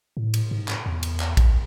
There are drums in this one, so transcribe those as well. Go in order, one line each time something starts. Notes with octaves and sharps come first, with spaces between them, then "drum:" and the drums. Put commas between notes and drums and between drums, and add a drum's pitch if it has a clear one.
A2
drum: cymbal
G#2
drum: clap
E2
drum: cymbal
drum: clap
drum: kick A#1, cymbal